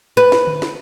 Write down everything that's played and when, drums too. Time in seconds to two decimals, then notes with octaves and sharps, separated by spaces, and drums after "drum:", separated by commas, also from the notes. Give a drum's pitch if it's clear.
0.17 B4
0.32 drum: snare
0.47 drum: tom D3
0.62 drum: snare